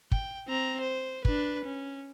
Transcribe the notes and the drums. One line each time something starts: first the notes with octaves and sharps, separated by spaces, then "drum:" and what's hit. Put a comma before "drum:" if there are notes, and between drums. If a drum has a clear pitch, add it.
G5, drum: kick
C4 A#5
C5
D4 B4, drum: kick
C#4